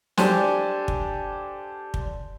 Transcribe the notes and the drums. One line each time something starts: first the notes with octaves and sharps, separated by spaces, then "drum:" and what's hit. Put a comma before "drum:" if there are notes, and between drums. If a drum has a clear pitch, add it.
D4 G4 A4 C5 G#5, drum: snare
drum: kick
drum: kick